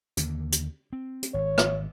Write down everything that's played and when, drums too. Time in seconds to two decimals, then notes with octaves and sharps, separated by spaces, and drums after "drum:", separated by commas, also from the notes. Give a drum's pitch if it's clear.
0.17 D#2 D3 A#3, drum: hi-hat
0.52 drum: hi-hat
0.93 C4
1.23 drum: hi-hat
1.34 G#1 C#5
1.58 drum: rim click